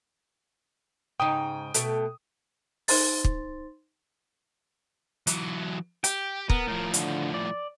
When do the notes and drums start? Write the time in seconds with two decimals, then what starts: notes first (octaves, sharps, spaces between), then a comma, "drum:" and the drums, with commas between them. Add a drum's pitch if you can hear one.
1.20 G#2 C#3 D#4 G5 D#6
1.74 B2 A3, drum: hi-hat
2.88 D#4 C5 C6 A6, drum: open hi-hat
3.24 drum: kick
5.27 E3 F#3, drum: hi-hat
6.04 G4 G5, drum: hi-hat
6.50 B3 A#4, drum: kick
6.68 A2 F3
6.94 D3, drum: hi-hat
7.34 D5